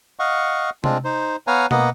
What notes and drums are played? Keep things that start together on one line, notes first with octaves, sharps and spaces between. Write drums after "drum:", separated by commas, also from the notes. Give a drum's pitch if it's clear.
D#5 F5 F#5 C#6
G#3 C4 D4 F4, drum: tom C3
D#4 C5
B3 B4 C#5 F5 G#5 A#5
A#3 B3 D#5 F#5, drum: tom B2